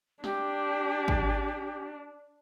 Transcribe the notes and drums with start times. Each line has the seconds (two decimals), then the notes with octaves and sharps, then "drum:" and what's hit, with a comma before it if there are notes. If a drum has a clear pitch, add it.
0.24 D4 G4, drum: snare
1.08 drum: kick